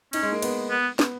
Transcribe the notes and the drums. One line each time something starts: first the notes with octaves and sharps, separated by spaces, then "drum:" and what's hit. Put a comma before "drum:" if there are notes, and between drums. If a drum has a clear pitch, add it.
C#4 D#4, drum: cymbal
G#3
A#3
B3, drum: cymbal
B3
B3, drum: snare